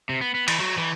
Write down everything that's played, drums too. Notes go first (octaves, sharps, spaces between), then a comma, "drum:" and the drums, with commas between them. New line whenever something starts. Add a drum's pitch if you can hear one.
C3
B3
B3
E3, drum: cymbal
F#3
E3